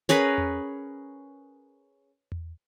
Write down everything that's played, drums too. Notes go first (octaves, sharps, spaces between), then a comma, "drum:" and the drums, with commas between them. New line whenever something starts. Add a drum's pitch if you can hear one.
C#4 G#4 A#4 B4, drum: snare
drum: tom E2
drum: tom E2